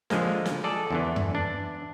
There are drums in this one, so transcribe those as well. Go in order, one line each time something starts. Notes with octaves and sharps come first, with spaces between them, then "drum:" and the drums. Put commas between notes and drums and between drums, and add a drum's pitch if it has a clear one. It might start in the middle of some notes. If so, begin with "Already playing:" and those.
D3 F3 G#3 A#3, drum: snare
drum: snare
G#4 A4 D5 A5
E2 D3 E3
drum: tom F#2
D4